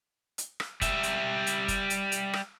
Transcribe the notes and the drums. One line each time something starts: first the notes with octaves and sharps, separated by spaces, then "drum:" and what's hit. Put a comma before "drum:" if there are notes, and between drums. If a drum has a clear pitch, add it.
drum: hi-hat
drum: rim click
G3 E5, drum: kick, hi-hat
drum: hi-hat
drum: hi-hat
drum: kick, hi-hat
drum: hi-hat
drum: hi-hat
drum: rim click